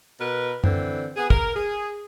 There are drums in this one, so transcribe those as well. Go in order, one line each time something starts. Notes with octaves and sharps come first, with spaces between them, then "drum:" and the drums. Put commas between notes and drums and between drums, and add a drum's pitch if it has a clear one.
B2 A#4 B4
D3 E3 C4, drum: tom F#2
B3 G#4
A#4, drum: kick
G#4